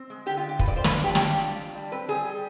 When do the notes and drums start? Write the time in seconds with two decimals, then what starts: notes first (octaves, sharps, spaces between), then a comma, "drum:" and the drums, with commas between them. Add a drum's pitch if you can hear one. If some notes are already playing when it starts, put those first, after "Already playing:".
Already playing: C4
0.10 G#3
0.26 D3 G4
0.37 F4
0.43 D3
0.49 G4
0.59 F4 B4, drum: kick
0.68 D5
0.76 F4 C5
0.84 B4, drum: snare
0.93 D4
1.04 G4
1.09 F4
1.15 G4, drum: snare
1.25 G3
1.42 F4
1.58 D4
1.75 G3
1.92 C4 B4
2.08 G3 G#4
2.25 G3